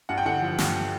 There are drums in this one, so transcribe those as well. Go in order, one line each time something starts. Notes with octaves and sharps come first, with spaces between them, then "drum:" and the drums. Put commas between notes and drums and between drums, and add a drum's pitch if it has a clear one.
G2 F#5
G5
D3 F#5
F3
G2, drum: snare